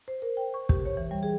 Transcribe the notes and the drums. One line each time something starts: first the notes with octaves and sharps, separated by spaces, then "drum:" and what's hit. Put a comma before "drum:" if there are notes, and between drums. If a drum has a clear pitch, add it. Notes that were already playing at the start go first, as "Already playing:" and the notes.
C5
A#4
G5
C#6
G4, drum: kick
C#5
E3
G3
G#4